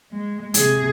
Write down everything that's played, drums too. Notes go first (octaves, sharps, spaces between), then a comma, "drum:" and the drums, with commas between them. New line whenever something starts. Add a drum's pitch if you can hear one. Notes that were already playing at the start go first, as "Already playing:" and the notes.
G#3
C3 G#4, drum: hi-hat